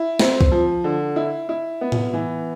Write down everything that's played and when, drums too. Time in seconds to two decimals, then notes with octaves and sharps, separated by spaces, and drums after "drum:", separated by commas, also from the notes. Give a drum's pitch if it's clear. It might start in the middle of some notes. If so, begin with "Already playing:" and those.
Already playing: E4
0.19 C4, drum: snare
0.41 drum: kick C2
0.52 F3
0.84 D3
1.16 E4
1.49 E4
1.81 B3
1.92 drum: tom A2
2.14 E3